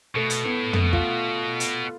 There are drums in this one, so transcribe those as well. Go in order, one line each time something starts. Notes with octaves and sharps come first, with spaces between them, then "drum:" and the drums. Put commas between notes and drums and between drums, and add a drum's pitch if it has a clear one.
B2 A3
drum: hi-hat
A2 B3
B2 A3, drum: tom
F4, drum: kick
drum: hi-hat